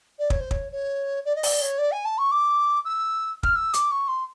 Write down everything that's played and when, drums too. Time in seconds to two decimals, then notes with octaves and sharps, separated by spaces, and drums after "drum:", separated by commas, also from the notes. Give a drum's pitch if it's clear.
0.19 D5
0.30 C#5, drum: kick
0.40 C5
0.51 C#5, drum: kick
0.72 C#5
1.25 D5
1.36 D#5
1.43 D5, drum: open hi-hat
1.61 C#5
1.78 D5
1.92 G#5
2.05 A5
2.18 C#6
2.31 D6
2.85 E6
3.43 F6, drum: kick
3.56 E6
3.74 D6, drum: hi-hat
3.91 C#6
4.08 C6